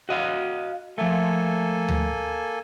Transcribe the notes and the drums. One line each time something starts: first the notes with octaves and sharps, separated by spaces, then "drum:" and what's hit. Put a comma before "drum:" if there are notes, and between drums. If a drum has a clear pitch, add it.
F#4 D#5 F5
F3 A3 A#3 A4 G#5
drum: tom D2